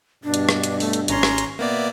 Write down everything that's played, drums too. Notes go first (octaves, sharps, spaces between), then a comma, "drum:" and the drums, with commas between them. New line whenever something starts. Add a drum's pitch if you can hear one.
G2 B2 D4
drum: hi-hat
drum: rim click
drum: hi-hat
A3, drum: open hi-hat
drum: hi-hat
G#1 C#4 A#5 C6, drum: hi-hat
drum: rim click
drum: hi-hat
B2 A#3 B3 D5 E5